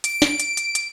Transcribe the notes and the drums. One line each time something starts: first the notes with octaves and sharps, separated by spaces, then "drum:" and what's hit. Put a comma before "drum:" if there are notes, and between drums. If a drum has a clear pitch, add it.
D7, drum: hi-hat
drum: snare
drum: hi-hat
drum: hi-hat
drum: hi-hat